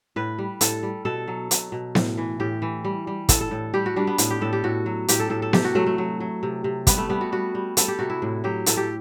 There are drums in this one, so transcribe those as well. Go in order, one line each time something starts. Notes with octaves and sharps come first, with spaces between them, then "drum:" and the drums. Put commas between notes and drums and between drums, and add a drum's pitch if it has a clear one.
A2 B4
G3
A2 A4, drum: hi-hat
G3
B2 A4
F#3
B2, drum: hi-hat
B2
A2, drum: snare B3
E3
A2 G4
E3
G3
G3
A2 A4, drum: kick, hi-hat
A4
A2
G3 G4
F#4
G3 D4
B3
A2, drum: hi-hat
G4
A2 A4
G4
A2 F#4
F#3
A2 G4, drum: hi-hat
A4
A2 A4
A4
C3 G4, drum: snare B3
F#4
F#3 A3
A3
F#3
F#3
C3
C3
G3 B3, drum: kick, hi-hat
A3
G3 B3
F#4
G3 F#4
G3
G3 A4, drum: hi-hat
G4
C3 F#4
E4
A2
F#3 G4
A2 A4, drum: hi-hat
G4